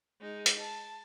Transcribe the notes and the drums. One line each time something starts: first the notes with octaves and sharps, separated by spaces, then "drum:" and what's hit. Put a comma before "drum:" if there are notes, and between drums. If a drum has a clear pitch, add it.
G#3 D#4
drum: hi-hat
A5